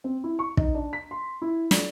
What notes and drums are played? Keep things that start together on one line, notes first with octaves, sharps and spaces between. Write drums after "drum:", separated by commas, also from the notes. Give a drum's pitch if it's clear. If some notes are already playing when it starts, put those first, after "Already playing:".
C4
E4
C#6
D#4, drum: kick
D4
B6
C6
E4
D5, drum: snare